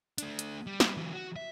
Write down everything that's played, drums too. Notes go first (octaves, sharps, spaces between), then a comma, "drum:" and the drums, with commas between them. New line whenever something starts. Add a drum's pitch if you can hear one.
A3 D4, drum: hi-hat
drum: hi-hat
G3
drum: snare
E3 F#3
F#4
E5